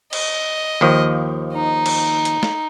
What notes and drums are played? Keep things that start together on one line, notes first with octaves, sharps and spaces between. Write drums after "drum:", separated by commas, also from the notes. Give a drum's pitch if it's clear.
D#5, drum: cymbal
D#2 D#3 F3
D#4
drum: cymbal
drum: hi-hat
drum: snare